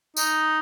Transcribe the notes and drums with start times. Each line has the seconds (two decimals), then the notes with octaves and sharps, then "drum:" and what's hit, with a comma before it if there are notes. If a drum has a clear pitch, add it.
0.17 D#4, drum: tambourine